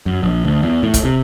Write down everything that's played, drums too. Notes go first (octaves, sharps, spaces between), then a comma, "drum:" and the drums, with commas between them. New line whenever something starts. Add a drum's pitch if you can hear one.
F#2
A#1
D2
E2
A2
drum: kick, hi-hat
C3